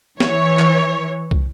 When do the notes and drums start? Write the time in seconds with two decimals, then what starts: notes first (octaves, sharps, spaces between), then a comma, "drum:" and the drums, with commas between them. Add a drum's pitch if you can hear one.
0.20 E3 C#5, drum: snare
0.59 drum: clap
1.31 drum: kick